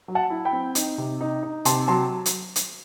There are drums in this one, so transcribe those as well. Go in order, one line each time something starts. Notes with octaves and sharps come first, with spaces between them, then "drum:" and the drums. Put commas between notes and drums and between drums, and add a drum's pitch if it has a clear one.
F#3
F#5 A5
E4
G5 B5
C4
D#4, drum: hi-hat
C3
D#4
D#4
C3 A5 C6, drum: hi-hat
F#3 A5 C6
drum: hi-hat
drum: hi-hat